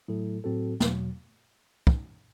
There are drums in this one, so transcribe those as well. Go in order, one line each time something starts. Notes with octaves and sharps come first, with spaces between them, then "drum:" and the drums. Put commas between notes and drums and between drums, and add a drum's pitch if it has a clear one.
A2 F#3 A3 E4 A4
A2 F#3 C4 F#4 A4
E2 B2 F#3, drum: snare
drum: kick